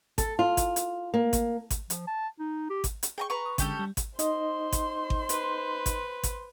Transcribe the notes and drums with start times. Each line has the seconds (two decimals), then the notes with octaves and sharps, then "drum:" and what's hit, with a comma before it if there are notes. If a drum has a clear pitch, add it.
0.18 A4, drum: kick G#1, hi-hat
0.39 F4
0.57 drum: kick G#1, hi-hat
0.76 drum: hi-hat
1.14 A#3
1.33 drum: kick G#1, hi-hat
1.70 drum: kick G#1, hi-hat
1.90 F3, drum: hi-hat
2.07 A5
2.39 D#4
2.70 G4
2.84 drum: kick G#1, hi-hat
3.03 drum: hi-hat
3.18 G#4 G5 A#5 C#6
3.30 B4 A#5 C#6
3.45 D#6
3.58 D3 G#3 C#4 G4 A4, drum: kick G#1, hi-hat
3.79 G3
3.97 drum: kick G#1, hi-hat
4.19 D#4 C5 D#5 C6, drum: hi-hat
4.72 drum: kick G#1, hi-hat
5.10 drum: kick G#1
5.29 B4, drum: hi-hat
5.86 drum: kick G#1, hi-hat
6.23 drum: kick G#1, hi-hat